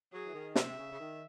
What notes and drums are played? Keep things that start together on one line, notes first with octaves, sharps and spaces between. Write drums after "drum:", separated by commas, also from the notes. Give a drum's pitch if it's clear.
F#3 G#4
E3
D#3
C3 E5, drum: snare
C#3
C#3
D#3